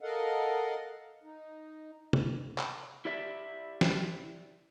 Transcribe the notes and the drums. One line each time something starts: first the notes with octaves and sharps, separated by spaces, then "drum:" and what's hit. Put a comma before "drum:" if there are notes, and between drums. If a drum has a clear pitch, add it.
A4 A#4 D#5 F5 F#5
D#4
drum: tom
drum: clap
E4 G4 D5 E5
drum: snare